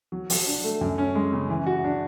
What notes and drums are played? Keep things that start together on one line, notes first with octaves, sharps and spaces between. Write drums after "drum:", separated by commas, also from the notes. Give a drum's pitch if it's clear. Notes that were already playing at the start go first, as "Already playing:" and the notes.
F#3
F#3, drum: open hi-hat
D4
A3
F#2
C#4
G#3
C#3
E3
F#4
D4